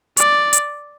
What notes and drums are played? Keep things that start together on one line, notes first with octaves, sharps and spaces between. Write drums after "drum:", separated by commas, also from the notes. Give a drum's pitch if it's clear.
D5, drum: hi-hat
drum: hi-hat